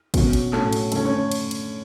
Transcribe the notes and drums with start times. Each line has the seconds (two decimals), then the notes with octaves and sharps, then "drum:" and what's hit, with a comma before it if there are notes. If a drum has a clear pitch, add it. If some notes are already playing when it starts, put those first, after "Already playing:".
0.14 B2 F#3 C#4, drum: kick, cymbal
0.33 drum: cymbal
0.53 A2 F#3 C#4 A4, drum: clap
0.73 drum: cymbal
0.92 D3 A3 C#4 A4, drum: cymbal
1.05 C#4 C#5
1.31 drum: cymbal
1.51 drum: cymbal